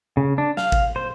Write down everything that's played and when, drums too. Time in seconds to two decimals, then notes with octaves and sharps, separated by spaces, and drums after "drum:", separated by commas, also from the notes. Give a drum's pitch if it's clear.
0.17 C#3
0.38 D4
0.57 F5, drum: snare
0.72 drum: kick
0.96 C5